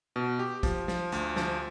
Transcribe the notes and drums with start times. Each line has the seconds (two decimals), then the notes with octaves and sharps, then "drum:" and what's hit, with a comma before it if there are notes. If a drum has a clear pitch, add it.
0.16 B2
0.39 G4
0.63 F3, drum: kick, hi-hat
0.88 F3, drum: snare
1.12 D2, drum: hi-hat
1.36 F3, drum: snare